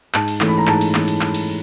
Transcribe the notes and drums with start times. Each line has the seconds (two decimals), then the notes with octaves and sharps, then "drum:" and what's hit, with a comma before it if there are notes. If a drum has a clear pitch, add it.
0.14 G#2 A5, drum: clap
0.28 drum: cymbal
0.41 E3 A3 C#4, drum: clap
0.48 B5
0.58 A#5
0.67 G#2 A5, drum: clap
0.81 drum: cymbal
0.95 E3 A3 C#4, drum: clap
1.08 drum: cymbal
1.21 drum: clap
1.34 drum: cymbal